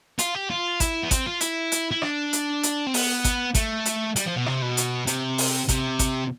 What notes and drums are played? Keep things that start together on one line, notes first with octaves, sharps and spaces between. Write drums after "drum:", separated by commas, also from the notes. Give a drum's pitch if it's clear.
F4, drum: hi-hat
G4
F4
E4, drum: kick G#1, hi-hat
B3
C4, drum: kick G#1, hi-hat
F4
E4, drum: hi-hat
drum: hi-hat
E4
D4, drum: rim click
drum: hi-hat
drum: hi-hat
C4
B3, drum: open hi-hat
drum: kick G#1, hi-hat
A3, drum: kick G#1, hi-hat
drum: hi-hat
G3, drum: hi-hat
F3
B2
C3, drum: rim click
B2
drum: hi-hat
C3, drum: hi-hat
drum: open hi-hat
C3, drum: kick G#1, hi-hat
drum: kick G#1, hi-hat